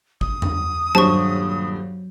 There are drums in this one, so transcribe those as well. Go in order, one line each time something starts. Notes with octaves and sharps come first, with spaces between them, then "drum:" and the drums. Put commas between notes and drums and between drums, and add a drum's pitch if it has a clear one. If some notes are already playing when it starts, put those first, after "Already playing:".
D#6, drum: kick
drum: tom E2
D#1 G2 F#3 C5 A5 C#6